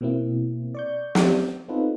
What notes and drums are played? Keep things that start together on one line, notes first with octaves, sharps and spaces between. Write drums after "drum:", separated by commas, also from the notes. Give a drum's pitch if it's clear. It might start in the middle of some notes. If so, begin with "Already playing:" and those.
B2 A#3 C4 E4
D5 C#6 G6
drum: snare
B3 C4 D#4 F4 A4 B4